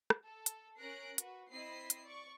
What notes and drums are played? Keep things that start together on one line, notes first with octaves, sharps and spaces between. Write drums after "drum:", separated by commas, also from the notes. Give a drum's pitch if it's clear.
drum: rim click
A4
drum: hi-hat
C#4 A#4 F#6 A#6 C7 D7
F#4 B4, drum: hi-hat
C4 E4 D#5 B5 C7
drum: hi-hat
D5 C#6